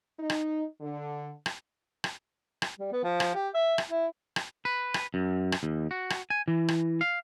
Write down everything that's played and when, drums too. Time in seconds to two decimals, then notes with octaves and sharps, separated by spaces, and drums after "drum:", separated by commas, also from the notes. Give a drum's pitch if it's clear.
0.19 D#4
0.30 drum: rim click
0.80 D3
1.46 drum: rim click
2.04 drum: rim click
2.62 drum: rim click
2.79 G3
2.92 B3
3.04 F3
3.20 drum: rim click
3.35 G4
3.54 E5
3.78 drum: rim click
3.90 E4
4.36 drum: rim click
4.65 B4
4.94 drum: rim click
5.14 F#2
5.52 drum: rim click
5.63 D#2
5.91 F#4
6.10 drum: rim click
6.30 G#5
6.48 E3
6.68 drum: rim click
7.01 F5